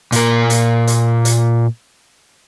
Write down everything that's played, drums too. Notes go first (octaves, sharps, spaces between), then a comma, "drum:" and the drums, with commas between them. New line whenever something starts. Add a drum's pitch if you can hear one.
A#2 A#4, drum: hi-hat
drum: hi-hat
drum: hi-hat
drum: hi-hat